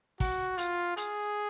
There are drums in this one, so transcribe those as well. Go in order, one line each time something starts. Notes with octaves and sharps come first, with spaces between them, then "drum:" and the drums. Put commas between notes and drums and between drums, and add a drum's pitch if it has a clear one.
F#4, drum: kick, open hi-hat
F4, drum: hi-hat
G#4, drum: hi-hat